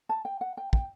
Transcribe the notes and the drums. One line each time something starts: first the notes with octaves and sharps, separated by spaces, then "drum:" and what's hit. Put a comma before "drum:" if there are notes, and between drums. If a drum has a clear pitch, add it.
A5
G5
F#5
G5
G5, drum: kick